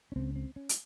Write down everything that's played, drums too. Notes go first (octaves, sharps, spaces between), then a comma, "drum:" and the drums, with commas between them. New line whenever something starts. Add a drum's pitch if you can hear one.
C#4
C#2 C#3 C4
C4
C#4
drum: hi-hat